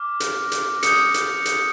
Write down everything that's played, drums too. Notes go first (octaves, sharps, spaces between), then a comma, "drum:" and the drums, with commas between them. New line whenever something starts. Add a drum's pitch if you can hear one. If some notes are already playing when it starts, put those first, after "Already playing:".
Already playing: D6 F6
drum: hi-hat
drum: hi-hat
D#6 G6 C#7, drum: hi-hat
drum: hi-hat
drum: hi-hat